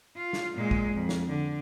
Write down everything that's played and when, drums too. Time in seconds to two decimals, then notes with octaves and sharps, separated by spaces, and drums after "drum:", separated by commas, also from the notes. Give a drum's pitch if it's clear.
0.16 F4
0.33 drum: snare
0.56 A#2 G#3
0.71 drum: kick
0.93 F2
1.09 drum: snare
1.28 D3